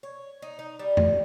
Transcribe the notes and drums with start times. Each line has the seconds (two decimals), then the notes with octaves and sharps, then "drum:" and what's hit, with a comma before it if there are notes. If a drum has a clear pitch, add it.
0.03 C#5
0.42 D#4
0.59 D#4
0.79 G3
0.97 drum: tom F2